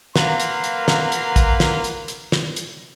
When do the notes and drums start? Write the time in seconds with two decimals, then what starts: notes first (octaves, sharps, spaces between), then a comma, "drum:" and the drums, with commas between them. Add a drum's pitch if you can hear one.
0.16 F#3 A#3 B4 F5 C6, drum: snare
0.40 drum: hi-hat
0.64 drum: hi-hat
0.88 drum: snare
1.12 drum: hi-hat
1.36 drum: kick, hi-hat
1.60 drum: snare
1.84 drum: hi-hat
2.08 drum: hi-hat
2.32 drum: snare
2.56 drum: hi-hat